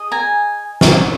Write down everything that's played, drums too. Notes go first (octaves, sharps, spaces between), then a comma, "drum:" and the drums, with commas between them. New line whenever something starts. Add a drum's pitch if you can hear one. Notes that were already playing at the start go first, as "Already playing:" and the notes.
Already playing: G#4 D#5
G#5 A#5
drum: snare